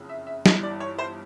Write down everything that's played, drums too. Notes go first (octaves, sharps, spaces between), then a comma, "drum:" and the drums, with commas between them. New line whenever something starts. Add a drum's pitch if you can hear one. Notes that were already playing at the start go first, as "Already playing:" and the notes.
Already playing: F#1 F2 C#3
E5
E5
G1 G2 E3 D#5, drum: snare
D5
C#5
C5